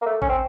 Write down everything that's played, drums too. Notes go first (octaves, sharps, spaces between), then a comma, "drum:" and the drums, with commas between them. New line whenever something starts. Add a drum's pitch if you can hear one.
A#3
A3
C#4, drum: kick A1
C4